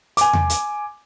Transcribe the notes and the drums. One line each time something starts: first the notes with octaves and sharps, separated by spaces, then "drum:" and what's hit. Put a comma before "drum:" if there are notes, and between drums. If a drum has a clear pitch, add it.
G#5 D6, drum: hi-hat
drum: tom E2
drum: hi-hat